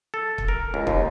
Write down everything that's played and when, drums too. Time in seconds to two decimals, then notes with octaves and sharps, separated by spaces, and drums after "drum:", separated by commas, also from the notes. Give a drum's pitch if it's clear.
0.14 A4
0.38 drum: kick
0.48 A#4
0.74 C#2
0.87 D#2, drum: kick